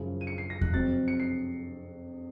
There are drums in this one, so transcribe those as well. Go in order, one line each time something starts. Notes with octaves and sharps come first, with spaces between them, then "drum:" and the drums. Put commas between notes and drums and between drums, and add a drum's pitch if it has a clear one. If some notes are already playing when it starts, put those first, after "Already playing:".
Already playing: F#2 C#3 F3
D#7
C#7
C7
A#6
F#6, drum: kick E2
F2 C3 F#3 A6
C#7
C7